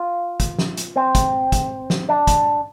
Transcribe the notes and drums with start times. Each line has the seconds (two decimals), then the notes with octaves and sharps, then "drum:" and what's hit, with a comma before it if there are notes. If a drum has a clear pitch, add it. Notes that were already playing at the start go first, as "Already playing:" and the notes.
Already playing: F4
0.40 drum: kick, hi-hat
0.58 drum: snare
0.77 drum: hi-hat
0.96 C4
1.15 drum: kick, hi-hat
1.52 drum: kick, hi-hat
1.90 drum: snare
2.09 D4
2.27 drum: kick, hi-hat